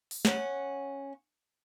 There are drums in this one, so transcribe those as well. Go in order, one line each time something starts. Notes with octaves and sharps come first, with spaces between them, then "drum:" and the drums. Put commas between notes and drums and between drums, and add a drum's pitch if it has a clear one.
drum: open hi-hat
C#4 F#5, drum: snare